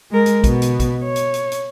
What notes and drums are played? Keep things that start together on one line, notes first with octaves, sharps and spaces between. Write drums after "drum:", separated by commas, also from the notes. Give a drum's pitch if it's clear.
G#3 A#4
drum: hi-hat
B2 B3, drum: kick, hi-hat
drum: hi-hat
drum: kick, hi-hat
C#5
drum: hi-hat
drum: hi-hat
drum: hi-hat